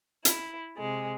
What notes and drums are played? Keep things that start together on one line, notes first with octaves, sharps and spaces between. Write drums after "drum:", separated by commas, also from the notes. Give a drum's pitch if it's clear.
E4, drum: hi-hat
C3 G#3